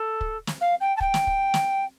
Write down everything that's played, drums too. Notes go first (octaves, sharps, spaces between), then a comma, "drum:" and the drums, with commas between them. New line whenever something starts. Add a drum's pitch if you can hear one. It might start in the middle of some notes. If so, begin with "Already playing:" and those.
Already playing: A4
drum: kick
drum: snare
F5
G5
A5
G5, drum: kick
drum: snare
drum: kick
drum: snare